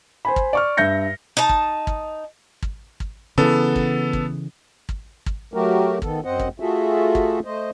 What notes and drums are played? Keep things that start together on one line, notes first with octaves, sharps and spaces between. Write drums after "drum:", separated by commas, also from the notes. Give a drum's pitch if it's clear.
C5 G#5 B5
drum: kick
D5 C#6 F6
G2 E5 G6 A#6 C#7
D#4 A5
drum: kick
drum: kick
drum: kick
drum: kick
C#3 E3 B3 A4
drum: kick
drum: kick
drum: kick
drum: kick
F#3 A3 F#4 G4 A#4
D#3 B3 A4, drum: kick
F#2 C4 C5 D#5 F#5
drum: kick
A3 F4 F#4 G#4 A4 E5
drum: kick
A3 C5 D#5